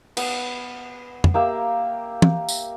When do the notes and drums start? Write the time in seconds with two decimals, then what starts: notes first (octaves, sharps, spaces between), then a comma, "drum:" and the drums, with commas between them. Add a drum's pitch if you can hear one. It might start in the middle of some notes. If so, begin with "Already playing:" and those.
0.17 B3, drum: cymbal
1.24 drum: tom
1.34 A#3 G4 E5
2.22 drum: tom
2.49 drum: tambourine